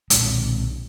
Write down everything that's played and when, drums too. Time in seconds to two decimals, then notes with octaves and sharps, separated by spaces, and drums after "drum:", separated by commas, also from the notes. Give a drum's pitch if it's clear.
0.10 B1 A#2 G#3, drum: hi-hat